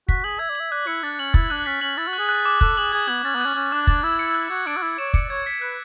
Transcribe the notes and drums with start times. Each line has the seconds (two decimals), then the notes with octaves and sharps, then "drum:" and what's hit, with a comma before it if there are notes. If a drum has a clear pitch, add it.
0.09 F#4 B6, drum: kick
0.24 G#4 F#7
0.39 E5 G#6
0.50 D5
0.55 E5 F#7
0.71 D5 F#6
0.87 E4 C#7
1.03 D4 A6
1.19 C#4 F#7
1.34 E4 A6, drum: kick
1.50 D4 F#6
1.66 C#4 B6
1.81 C#4 F#7
1.97 E4 A6
2.08 F#4
2.13 F#6
2.19 G#4
2.29 F#6
2.46 D6
2.61 A4 F#6, drum: kick
2.77 G#4 F#7
2.92 G#4 G#6
3.08 B3 F#7
3.24 C#4 A6
3.35 B3
3.41 C#4 F#6
3.55 C#4 F#6
3.72 D4 D6
3.87 D4 A6, drum: kick
4.03 E4 E6
4.19 C#7
4.35 F#6
4.50 F#4 G#6
4.66 D4 D7
4.77 F#4
4.82 E4 G#6
4.98 C#5 E7
5.14 D5 C#7, drum: kick
5.30 C#5 G#6
5.46 B6
5.61 B4 F#6